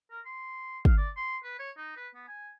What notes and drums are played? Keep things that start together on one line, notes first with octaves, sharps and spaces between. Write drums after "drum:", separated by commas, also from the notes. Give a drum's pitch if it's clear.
A#4
C6
F5, drum: kick
D5
C6
B4
C#5
D#4
B4
B3
G#5